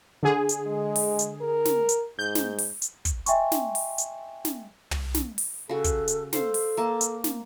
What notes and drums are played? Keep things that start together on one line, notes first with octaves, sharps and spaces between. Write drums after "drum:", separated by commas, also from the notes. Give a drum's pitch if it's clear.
D3 G#4
drum: hi-hat
G#3
drum: open hi-hat
drum: hi-hat
A#4
drum: snare
drum: hi-hat
G#2 G6
drum: snare
drum: open hi-hat
drum: hi-hat
drum: kick, hi-hat
D#5 E5 G5 G#5 C6 C#6, drum: hi-hat
drum: snare
drum: open hi-hat
drum: hi-hat
drum: snare
drum: tom
drum: snare
drum: open hi-hat
C#3 F#4 A4
drum: kick, hi-hat
drum: hi-hat
A4 C5 F5, drum: snare
drum: open hi-hat
A#3 A5
drum: hi-hat
drum: snare